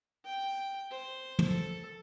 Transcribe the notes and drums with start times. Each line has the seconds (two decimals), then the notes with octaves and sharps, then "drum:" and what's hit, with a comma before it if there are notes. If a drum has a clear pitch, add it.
0.25 G5
0.91 C5
1.39 drum: tom
1.48 A4